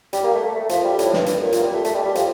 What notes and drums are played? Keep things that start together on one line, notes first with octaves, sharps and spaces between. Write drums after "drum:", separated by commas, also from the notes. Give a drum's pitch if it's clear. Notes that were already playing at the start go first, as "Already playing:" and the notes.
G3, drum: hi-hat
A#3
A3
A3
A3
F3, drum: hi-hat
G3
A2, drum: hi-hat
G2, drum: snare
G2, drum: hi-hat
A#2
A#2, drum: hi-hat
G3
A3
A3, drum: hi-hat
G3
G3
F3, drum: hi-hat